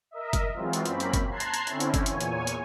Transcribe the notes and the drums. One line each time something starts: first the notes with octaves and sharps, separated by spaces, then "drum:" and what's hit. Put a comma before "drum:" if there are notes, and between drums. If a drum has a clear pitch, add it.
A#4 D#5 E5
drum: kick F#1, hi-hat
E3 F#3 G#3 C4 F4
drum: hi-hat
F#2 A#3 C4 C#4 B5, drum: hi-hat
drum: hi-hat
drum: kick F#1, hi-hat
A5 A#5 C6 F#6 G#6 C7
drum: hi-hat
drum: hi-hat
D3 C4 C#4 E4, drum: hi-hat
drum: hi-hat
drum: kick F#1, hi-hat
E2 A#2 C#5 G#5, drum: hi-hat
drum: hi-hat
drum: hi-hat